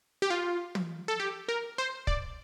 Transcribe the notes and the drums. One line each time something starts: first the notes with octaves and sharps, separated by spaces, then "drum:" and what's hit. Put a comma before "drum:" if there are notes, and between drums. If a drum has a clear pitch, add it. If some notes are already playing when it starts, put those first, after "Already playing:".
G4
F4
drum: tom
A4
G4
A#4
C5
D5, drum: kick